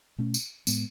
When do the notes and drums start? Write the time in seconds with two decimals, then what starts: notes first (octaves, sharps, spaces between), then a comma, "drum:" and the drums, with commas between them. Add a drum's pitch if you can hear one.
0.18 B2 A3 C#4
0.34 drum: tambourine
0.67 A2 G#3 B3, drum: tambourine